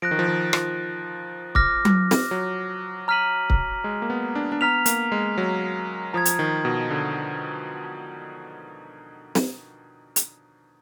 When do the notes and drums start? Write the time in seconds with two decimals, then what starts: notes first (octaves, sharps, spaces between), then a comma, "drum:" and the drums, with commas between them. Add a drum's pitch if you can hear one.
0.02 F3 F#6 A#6 D7
0.11 D#3
0.19 F3
0.28 D#3
0.53 F3, drum: rim click
1.55 D6 F6 A#6, drum: kick C#1
1.85 drum: tom F#3
2.11 drum: snare
2.31 F#3
3.08 A#5 F6 B6 D#7 F#7
3.50 drum: kick C#1
3.84 G#3
4.02 A#3
4.10 B3
4.35 D4
4.52 D4
4.61 B3 A#5 F6 B6 F7
4.86 A#3, drum: hi-hat
5.12 G#3
5.38 F#3
6.13 F3 A#5 D#6 G#6
6.25 drum: hi-hat
6.39 D#3
6.65 B2
6.91 D3
9.35 drum: snare
10.16 drum: hi-hat